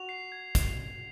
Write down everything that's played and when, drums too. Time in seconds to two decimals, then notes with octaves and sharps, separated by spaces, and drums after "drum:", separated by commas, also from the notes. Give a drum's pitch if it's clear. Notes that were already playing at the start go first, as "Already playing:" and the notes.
Already playing: F#4 F7
0.09 C7
0.32 G#6
0.55 G#6, drum: kick, hi-hat
0.78 F7